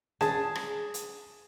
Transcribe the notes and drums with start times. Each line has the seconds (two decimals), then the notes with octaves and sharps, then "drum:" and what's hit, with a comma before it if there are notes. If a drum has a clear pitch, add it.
0.21 G#4 A5, drum: snare
0.55 drum: rim click
0.94 drum: hi-hat